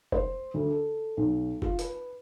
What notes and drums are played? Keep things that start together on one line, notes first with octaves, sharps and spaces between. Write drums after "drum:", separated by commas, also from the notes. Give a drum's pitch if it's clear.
C5, drum: kick
D2
A4
B1
F4, drum: kick
B4, drum: hi-hat